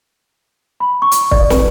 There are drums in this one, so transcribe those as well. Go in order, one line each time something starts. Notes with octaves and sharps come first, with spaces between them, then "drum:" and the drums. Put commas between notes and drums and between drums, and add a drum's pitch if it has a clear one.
B5
C#6
drum: hi-hat
D5, drum: kick
B4, drum: snare